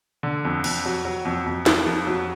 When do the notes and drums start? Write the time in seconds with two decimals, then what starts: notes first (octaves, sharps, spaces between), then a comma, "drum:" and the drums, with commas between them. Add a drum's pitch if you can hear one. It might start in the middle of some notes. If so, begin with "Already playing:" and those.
0.23 D3
0.45 F2
0.64 F2, drum: cymbal
0.86 F#3
1.05 F#3
1.25 F2
1.46 F2
1.66 F2, drum: snare
1.86 F2
2.07 F#3